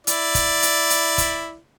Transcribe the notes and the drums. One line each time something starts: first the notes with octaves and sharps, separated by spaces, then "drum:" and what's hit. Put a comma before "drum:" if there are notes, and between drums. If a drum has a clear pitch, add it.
E4 D5, drum: hi-hat
drum: kick, hi-hat
drum: hi-hat
drum: hi-hat
drum: kick, hi-hat